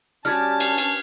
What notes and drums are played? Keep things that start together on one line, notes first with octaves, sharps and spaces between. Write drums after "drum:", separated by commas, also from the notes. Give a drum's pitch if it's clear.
G3 C#4 F#4 G4 A5 F6 G#6
drum: cymbal
drum: cymbal